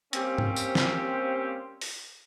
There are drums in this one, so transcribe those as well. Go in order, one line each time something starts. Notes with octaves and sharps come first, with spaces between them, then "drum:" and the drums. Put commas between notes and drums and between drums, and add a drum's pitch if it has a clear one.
G3 A#3 C4 C#4 G4 C5, drum: hi-hat
drum: tom
drum: tambourine
drum: snare
drum: open hi-hat